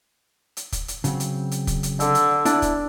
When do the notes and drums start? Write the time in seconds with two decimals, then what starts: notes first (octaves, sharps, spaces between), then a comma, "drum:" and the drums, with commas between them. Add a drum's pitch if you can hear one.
0.57 drum: hi-hat
0.72 drum: kick, hi-hat
0.88 drum: hi-hat
1.04 C#3 F#3 C4, drum: hi-hat
1.20 drum: hi-hat
1.51 drum: hi-hat
1.67 drum: kick, hi-hat
1.83 drum: hi-hat
2.00 D3 E6, drum: hi-hat
2.15 drum: hi-hat
2.45 D4 E4, drum: hi-hat
2.62 drum: kick, hi-hat